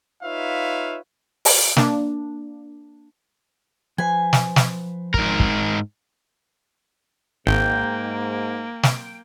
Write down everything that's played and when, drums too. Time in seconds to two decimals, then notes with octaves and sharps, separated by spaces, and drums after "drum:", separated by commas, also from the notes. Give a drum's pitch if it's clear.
0.23 D#4 F4 B4 C#5 E5 F5
1.45 drum: open hi-hat
1.77 A#3 D4, drum: snare
3.98 F3 B4 C5 G#5
4.33 drum: snare
4.56 drum: snare
5.14 G#2 A#4, drum: kick
5.40 drum: kick
7.47 G#1 G#2 A#3 G5
8.83 drum: snare